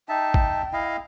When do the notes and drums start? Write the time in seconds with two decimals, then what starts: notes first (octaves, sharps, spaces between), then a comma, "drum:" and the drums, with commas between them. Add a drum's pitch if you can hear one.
0.09 D#4 E5 G5 A5
0.34 drum: kick G#1
0.73 E4 D#5 F5